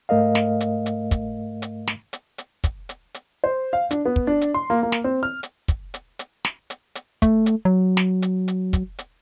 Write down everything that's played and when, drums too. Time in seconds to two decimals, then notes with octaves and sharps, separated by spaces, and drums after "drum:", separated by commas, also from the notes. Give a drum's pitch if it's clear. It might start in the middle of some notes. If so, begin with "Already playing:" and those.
0.09 G#2 A3 A#4 D#5 F5
0.35 drum: snare
0.60 drum: hi-hat
0.86 drum: hi-hat
1.11 drum: kick, hi-hat
1.62 drum: hi-hat
1.87 drum: snare
2.13 drum: hi-hat
2.38 drum: hi-hat
2.64 drum: kick, hi-hat
2.89 drum: hi-hat
3.14 drum: hi-hat
3.44 C5
3.73 F5
3.91 D4, drum: hi-hat
4.06 B3
4.16 drum: kick
4.27 D4
4.41 drum: hi-hat
4.54 C6
4.70 A#3
4.83 A#3
4.92 drum: snare
5.04 C4
5.23 F6
5.43 drum: hi-hat
5.68 drum: kick, hi-hat
5.94 drum: hi-hat
6.19 drum: hi-hat
6.45 drum: snare
6.70 drum: hi-hat
6.95 drum: hi-hat
7.22 A3, drum: kick, hi-hat
7.46 drum: hi-hat
7.65 F#3
7.97 drum: snare
8.22 drum: hi-hat
8.48 drum: hi-hat
8.73 drum: kick, hi-hat
8.99 drum: hi-hat